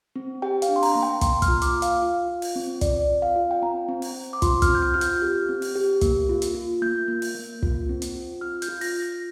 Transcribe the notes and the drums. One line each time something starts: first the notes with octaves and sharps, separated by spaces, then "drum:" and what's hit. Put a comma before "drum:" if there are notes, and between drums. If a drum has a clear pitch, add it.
C4
G4 G5
F5, drum: hi-hat
D4
C6
A#5, drum: open hi-hat
A#3 A#5
G5
A#3 C6, drum: kick, hi-hat
F6, drum: kick, hi-hat
F4
D6, drum: hi-hat
F4
F5, drum: hi-hat
F4
F4
drum: open hi-hat
C4
C4 D5, drum: kick, hi-hat
F4
F5
F4
G5
C4 A#5
C4
drum: open hi-hat
C4
D6
F4 C6, drum: kick, hi-hat
F6, drum: kick, hi-hat
C4
G6
F6
F4 F6
G6, drum: hi-hat
G4
C4
drum: open hi-hat
G4
A#3, drum: kick, hi-hat
F4
drum: hi-hat
F4
A#3 G6
A#3
drum: open hi-hat
A#3
F4, drum: kick
C4
drum: hi-hat
F4
F4 F6
G6, drum: hi-hat
F4
A#6, drum: open hi-hat
F4
A#6